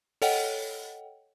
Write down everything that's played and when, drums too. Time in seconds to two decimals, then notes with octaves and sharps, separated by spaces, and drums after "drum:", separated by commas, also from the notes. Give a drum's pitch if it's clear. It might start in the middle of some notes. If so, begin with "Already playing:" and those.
0.22 A4 C#5 D#5 F#5 G5, drum: open hi-hat